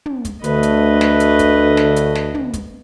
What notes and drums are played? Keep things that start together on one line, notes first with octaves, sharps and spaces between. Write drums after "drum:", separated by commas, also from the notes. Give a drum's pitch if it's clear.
drum: tom
drum: kick, hi-hat
D2 D3 A3 B4 D#5, drum: hi-hat
drum: hi-hat
drum: snare
drum: hi-hat
drum: kick, hi-hat
drum: snare
drum: hi-hat
drum: snare
drum: tom
drum: kick, hi-hat